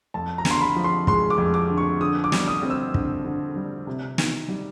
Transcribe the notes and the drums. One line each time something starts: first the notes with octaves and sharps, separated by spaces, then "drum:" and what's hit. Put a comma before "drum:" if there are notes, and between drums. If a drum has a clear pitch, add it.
F2 A5
A#5
D3, drum: snare
C6
B5
F3
C6
G#3 C6, drum: kick
D6
F2
D6
D3
C#6
D3 D#6
D6
G3, drum: snare
D#6
C4
E6
D3, drum: kick
D3
G3
C3
D#3, drum: snare
G3